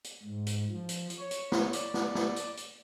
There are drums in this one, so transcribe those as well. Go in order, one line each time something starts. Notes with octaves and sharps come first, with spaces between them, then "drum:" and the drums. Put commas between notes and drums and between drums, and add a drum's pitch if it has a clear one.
drum: hi-hat
G#2
drum: hi-hat
F3
drum: hi-hat
drum: hi-hat
C#5
drum: hi-hat
drum: snare
D5, drum: hi-hat
drum: snare
drum: snare
drum: hi-hat
drum: hi-hat